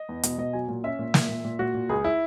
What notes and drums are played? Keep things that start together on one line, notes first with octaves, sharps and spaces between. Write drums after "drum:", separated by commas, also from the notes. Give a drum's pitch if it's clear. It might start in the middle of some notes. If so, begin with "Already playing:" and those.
Already playing: D#5
E2
B2, drum: hi-hat
B2 D#5
F#3 G#5
A#2
C#4 E5
A#2
A#2, drum: snare
A#2
A#2
A#2 F#4
A#2
C#2 G#4
E4